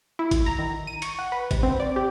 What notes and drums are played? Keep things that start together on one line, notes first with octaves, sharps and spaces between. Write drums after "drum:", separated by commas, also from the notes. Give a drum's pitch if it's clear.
E4
A1, drum: kick G#1, hi-hat
A#5
D#3
D#7
C#6, drum: hi-hat
F#5
B4
C3, drum: kick G#1, hi-hat
C4
D5
G4